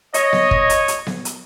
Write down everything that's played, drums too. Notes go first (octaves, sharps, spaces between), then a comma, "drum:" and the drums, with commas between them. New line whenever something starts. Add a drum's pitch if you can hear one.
C#5 D#5, drum: hi-hat
drum: snare B3
drum: kick
drum: hi-hat
drum: hi-hat
drum: snare B3
drum: hi-hat